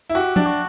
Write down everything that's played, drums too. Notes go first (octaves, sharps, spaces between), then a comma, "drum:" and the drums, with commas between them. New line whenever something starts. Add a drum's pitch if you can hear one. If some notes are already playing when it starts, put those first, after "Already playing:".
E4
F#4 G4
D4, drum: tom F3
F#4